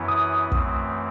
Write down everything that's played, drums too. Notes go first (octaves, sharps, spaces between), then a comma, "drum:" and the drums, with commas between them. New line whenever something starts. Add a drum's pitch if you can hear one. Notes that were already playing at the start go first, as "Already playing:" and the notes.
Already playing: F#2 E3 B3 E4
D#6
F#2 E3 A3 C4, drum: kick